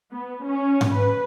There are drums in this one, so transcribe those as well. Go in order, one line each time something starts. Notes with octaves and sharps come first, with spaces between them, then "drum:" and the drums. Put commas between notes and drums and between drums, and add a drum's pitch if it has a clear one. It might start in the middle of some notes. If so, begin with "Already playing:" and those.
B3
C#4
drum: tom G#2
B4